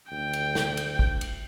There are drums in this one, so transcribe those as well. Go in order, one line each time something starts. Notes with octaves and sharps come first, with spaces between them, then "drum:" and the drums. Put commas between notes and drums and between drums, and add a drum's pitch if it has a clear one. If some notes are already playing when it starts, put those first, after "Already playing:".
D2 G5
drum: cymbal
drum: snare
drum: cymbal
drum: kick
drum: cymbal